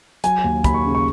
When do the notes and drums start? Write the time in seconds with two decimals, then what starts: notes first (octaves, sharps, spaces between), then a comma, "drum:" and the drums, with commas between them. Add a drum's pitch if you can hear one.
0.24 F#3 G#5, drum: hi-hat
0.44 D#2
0.64 D#2 B5, drum: kick, hi-hat
0.74 C#6
0.85 C#3
0.95 C#6